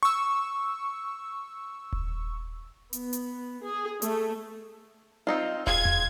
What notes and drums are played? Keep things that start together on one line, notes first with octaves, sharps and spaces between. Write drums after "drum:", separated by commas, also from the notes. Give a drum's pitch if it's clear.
C#6 E6
drum: kick D#1
B3, drum: hi-hat
drum: hi-hat
G#4
A3, drum: hi-hat
C4 D#4 F4
F4 G#4 G#6, drum: kick D#1
drum: tom E2